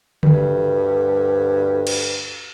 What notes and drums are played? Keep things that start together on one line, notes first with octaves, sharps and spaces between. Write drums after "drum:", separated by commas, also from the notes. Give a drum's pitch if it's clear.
D2 G2, drum: tom C#3
drum: cymbal